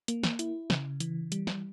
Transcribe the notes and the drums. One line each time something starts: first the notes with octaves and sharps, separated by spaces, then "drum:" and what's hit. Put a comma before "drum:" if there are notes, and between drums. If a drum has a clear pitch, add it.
A#3, drum: hi-hat
drum: snare
E4, drum: hi-hat
C#3, drum: snare
E3, drum: hi-hat
G3, drum: hi-hat
drum: snare